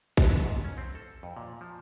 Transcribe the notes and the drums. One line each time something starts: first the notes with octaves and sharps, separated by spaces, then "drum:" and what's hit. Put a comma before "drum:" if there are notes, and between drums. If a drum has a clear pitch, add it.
B3, drum: kick
G#2
C#4
C4
A4
F2
A#2
F3